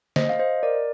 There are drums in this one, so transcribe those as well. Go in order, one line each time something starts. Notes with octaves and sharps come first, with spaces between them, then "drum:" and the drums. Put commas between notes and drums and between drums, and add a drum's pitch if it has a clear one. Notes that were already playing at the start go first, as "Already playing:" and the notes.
C5 D#5, drum: snare
F5
C5 D#5
A#4 D5